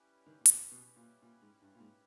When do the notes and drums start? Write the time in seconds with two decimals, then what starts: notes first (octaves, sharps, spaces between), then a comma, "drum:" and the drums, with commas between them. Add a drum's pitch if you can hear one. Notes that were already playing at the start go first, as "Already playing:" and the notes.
Already playing: G3 C#4 E4 G4 B4
0.26 D#3
0.41 A#2
0.46 B2, drum: hi-hat
0.71 B2
0.96 A#2
1.22 A#2
1.42 G#2
1.61 G2
1.75 A#2
1.80 G#2